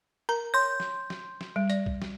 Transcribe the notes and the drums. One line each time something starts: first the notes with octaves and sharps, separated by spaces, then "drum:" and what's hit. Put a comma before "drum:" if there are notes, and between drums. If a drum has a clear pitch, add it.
A#4 A#5
C#5 C6 G6
drum: snare
drum: snare
drum: snare
G3
D5, drum: hi-hat
drum: kick
drum: snare